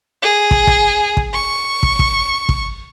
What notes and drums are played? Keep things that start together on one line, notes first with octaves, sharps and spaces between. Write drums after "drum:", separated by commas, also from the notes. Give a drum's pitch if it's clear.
G#4
drum: kick
drum: kick
drum: kick
C#6
drum: kick
drum: kick
drum: kick